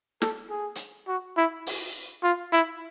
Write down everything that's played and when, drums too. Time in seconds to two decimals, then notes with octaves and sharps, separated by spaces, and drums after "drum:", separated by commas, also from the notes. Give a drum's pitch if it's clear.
0.22 A4, drum: snare
0.50 G#4
0.75 drum: hi-hat
1.08 F#4
1.37 E4
1.67 drum: open hi-hat
2.23 F4
2.53 E4